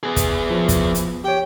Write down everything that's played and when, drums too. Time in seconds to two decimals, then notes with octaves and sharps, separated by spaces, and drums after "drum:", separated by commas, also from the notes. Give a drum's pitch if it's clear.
0.03 B3 G#4
0.16 drum: kick, hi-hat
0.50 F3
0.68 drum: kick, hi-hat
0.95 drum: hi-hat
1.24 G4 C#5 G5